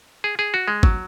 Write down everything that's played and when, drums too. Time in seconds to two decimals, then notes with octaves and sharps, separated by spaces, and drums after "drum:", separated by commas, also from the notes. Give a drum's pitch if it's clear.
0.24 G#4
0.39 G#4
0.54 F#4
0.68 G#3
0.83 F#3, drum: kick G#1